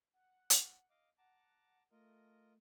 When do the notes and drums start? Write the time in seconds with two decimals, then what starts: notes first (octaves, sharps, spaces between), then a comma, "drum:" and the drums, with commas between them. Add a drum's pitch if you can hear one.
0.13 F#5
0.50 drum: hi-hat
0.90 D#5 F5 D6
1.18 F#5 A5 A#5 D6
1.91 A3 F4 A#4 D#5